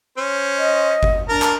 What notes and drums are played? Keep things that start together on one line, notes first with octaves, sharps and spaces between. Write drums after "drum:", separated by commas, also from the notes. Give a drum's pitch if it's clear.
C#4 C5
D#5
drum: kick G1
D4 A#4 A5 A#5
drum: clap